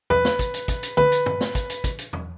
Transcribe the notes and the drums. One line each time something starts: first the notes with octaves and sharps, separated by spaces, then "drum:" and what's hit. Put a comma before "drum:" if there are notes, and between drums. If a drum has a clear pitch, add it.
B4, drum: tom E2
drum: snare
drum: kick, hi-hat
drum: hi-hat
drum: kick, hi-hat
drum: hi-hat
B4, drum: tom D3
drum: hi-hat
drum: tom
drum: snare
drum: kick, hi-hat
drum: hi-hat
drum: kick, hi-hat
drum: hi-hat
drum: tom E2